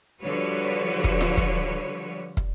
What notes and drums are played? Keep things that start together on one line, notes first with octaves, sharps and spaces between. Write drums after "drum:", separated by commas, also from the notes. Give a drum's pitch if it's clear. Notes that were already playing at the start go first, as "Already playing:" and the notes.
D3 F3 G3 F#4 B4 C#5
drum: kick
drum: snare F4
drum: kick
drum: kick